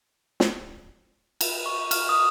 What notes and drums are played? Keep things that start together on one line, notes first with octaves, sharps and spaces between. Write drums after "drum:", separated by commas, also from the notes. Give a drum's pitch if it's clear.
drum: snare
drum: cymbal
C#6
F6, drum: cymbal
D#6